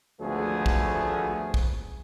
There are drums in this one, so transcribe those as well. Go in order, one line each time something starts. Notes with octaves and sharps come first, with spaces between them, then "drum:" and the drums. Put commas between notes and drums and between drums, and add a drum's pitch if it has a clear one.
G#1 D2 F3 A3 B3 G#4
drum: kick
drum: kick